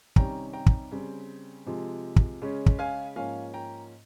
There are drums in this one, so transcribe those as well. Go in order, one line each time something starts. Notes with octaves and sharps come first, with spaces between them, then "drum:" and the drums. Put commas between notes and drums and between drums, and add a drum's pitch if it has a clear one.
C3 D#3 G3 C#4 G5 A#5, drum: kick
G5 A#5
drum: kick
C#3 G3 C4
C3 F3 G#3
drum: kick
C#3 G#3 C#4
drum: kick
F5 G#5
G#2 F3 A#3 C#4 F5 G#5
G5 A#5